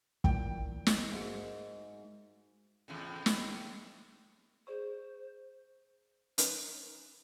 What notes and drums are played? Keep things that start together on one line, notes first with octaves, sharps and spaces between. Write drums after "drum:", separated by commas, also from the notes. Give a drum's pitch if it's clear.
A#2 E3 A#3 G5, drum: kick
drum: snare
G#2 F#4 A#4 E5
E2 A2 C#3
drum: snare
G#4 C5 D5 C#6
C#4 D#4 A#4 B4, drum: hi-hat